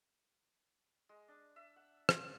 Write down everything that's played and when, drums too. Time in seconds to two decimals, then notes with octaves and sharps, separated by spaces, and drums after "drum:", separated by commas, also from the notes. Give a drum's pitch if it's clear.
1.09 G#3
1.28 D4
1.56 E5
1.76 F#5
2.09 F4, drum: rim click
2.21 F5